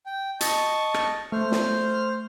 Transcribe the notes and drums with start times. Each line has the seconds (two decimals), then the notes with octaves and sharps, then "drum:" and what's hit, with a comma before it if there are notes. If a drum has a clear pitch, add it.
0.06 G5
0.41 D#5 A5 C#6, drum: hi-hat
0.94 drum: rim click
1.32 A3 C5 F6
1.52 drum: snare